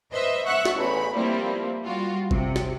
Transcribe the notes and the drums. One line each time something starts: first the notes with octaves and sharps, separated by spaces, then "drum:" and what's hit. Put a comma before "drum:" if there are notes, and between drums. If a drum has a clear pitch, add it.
B4 C5 D#5 E5
E5 F#5 C#6 E6 F#6
drum: snare
A1 E2 B5
F3 G3 A#3 C4 E4
G3 F4 F#4
C3, drum: kick G1
drum: snare